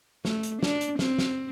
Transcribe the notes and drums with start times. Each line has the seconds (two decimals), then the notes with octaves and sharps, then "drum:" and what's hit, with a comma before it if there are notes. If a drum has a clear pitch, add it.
0.25 A3, drum: snare
0.43 drum: hi-hat
0.63 D4, drum: snare
0.81 drum: hi-hat
0.99 C4, drum: snare
1.19 drum: snare